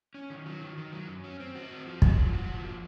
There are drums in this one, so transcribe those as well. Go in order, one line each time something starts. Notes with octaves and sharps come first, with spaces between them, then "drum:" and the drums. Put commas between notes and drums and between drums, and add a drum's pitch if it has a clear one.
C#4
D#3
F#3
D#3
D#3
F#3
F#2
C#4
C4
F#4
C4
F3
F#4, drum: kick
F3
F#4
F3
A#3